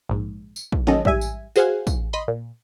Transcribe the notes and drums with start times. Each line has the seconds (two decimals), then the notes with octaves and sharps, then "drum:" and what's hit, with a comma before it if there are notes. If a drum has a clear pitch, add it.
0.09 A#1 G#2
0.56 drum: tambourine
0.72 drum: kick
0.87 D#3 F#3 C#4 A4 D#5, drum: snare
1.05 G#2 G3 E5 G#5, drum: kick
1.21 drum: tambourine
1.56 F#4 G#4 C5 F5 F#5 G#5, drum: tambourine
1.87 drum: kick, tambourine
2.13 D#5 B5 C6
2.28 A#2